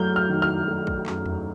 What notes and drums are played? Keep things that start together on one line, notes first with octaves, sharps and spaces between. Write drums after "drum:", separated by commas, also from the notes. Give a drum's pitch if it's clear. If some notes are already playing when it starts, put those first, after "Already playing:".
Already playing: F#3 A3 F6 G6
F6
D#3
F6
A3
drum: kick
F#2, drum: clap
drum: tom E2